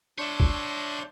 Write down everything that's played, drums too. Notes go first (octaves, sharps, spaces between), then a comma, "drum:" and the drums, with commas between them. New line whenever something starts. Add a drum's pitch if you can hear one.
D4 C#5 E5 C6 G6
drum: kick B1